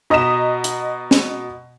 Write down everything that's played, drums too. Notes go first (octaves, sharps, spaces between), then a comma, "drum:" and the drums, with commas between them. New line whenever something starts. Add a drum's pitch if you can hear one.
B2 D#5 A#5 D#6 B6 E7
drum: hi-hat
drum: snare